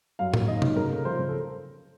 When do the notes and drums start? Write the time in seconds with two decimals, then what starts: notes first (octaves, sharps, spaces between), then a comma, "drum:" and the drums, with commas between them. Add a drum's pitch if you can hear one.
0.19 F#2 F5
0.34 A#3, drum: tom
0.48 D#3 D#5
0.62 D#4, drum: tom C3
0.76 C#3 A#4
0.91 A3
1.05 F3 C5
1.19 C#3
1.29 A4